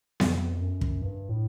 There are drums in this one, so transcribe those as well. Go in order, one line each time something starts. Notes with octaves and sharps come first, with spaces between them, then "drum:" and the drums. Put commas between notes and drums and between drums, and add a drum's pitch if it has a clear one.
F2, drum: snare B3
F#2
drum: kick
G2
A2